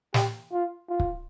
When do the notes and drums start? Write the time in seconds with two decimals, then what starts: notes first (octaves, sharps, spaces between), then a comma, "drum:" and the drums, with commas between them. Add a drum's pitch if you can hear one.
0.14 G4, drum: snare
0.53 F4
0.89 F4
1.00 drum: kick